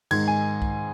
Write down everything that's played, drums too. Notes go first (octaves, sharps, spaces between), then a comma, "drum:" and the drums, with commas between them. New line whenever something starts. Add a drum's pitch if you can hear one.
G#2 D#3 G#3 D#4 G#6, drum: cymbal
G#5
drum: kick B1